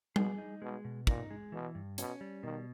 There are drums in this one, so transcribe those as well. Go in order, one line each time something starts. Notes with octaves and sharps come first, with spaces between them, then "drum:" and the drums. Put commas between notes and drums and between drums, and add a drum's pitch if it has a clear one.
B2 G#4, drum: tom G3
D#4
B2 G#3
B2
A#2 D#4, drum: kick
G#3
B2 E3
G2
B2 C#4, drum: hi-hat
G3
B2 D#3